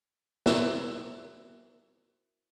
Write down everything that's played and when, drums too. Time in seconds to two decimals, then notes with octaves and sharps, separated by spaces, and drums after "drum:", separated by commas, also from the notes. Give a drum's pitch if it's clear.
0.46 E4 F#4 A#4 C5 E5, drum: snare